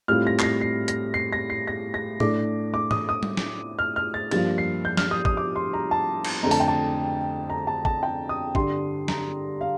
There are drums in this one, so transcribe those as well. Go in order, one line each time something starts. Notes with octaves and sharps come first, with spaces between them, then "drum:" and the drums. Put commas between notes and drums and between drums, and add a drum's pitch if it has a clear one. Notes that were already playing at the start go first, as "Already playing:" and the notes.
A2 G3 C4 F4 F6
A#6
C7, drum: clap
A#6
C7
A#6, drum: hi-hat
C7
A#6
C7
A#6
A#6
A2 A3 D4 D6, drum: tom
D6
D#6, drum: tom G#2
D#6
drum: tom G3
drum: snare
F6
F6
A6
G2 F3 A#3 F4 A6, drum: cymbal
C7
G6
F6, drum: snare
D#6
D#6, drum: kick
D6
C6
A#5
A5
drum: cymbal
F2 D3 A3 A#5
A5, drum: open hi-hat
G5
A5
A#5
A5
A5, drum: kick
G5
D#6
G2 D3 G3 C6, drum: kick
A#5, drum: snare
F5